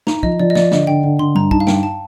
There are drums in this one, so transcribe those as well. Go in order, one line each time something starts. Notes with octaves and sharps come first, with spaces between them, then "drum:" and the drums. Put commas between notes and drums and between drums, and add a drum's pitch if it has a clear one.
D#4 A#5, drum: snare
F3 D#5, drum: kick
F3 D5
D#5
F3 D5, drum: snare
D3 D#5, drum: snare
D3 G5
D3
D3 C6
G2 A#5
D#4 A5, drum: kick
F5
G2 G5, drum: snare
A5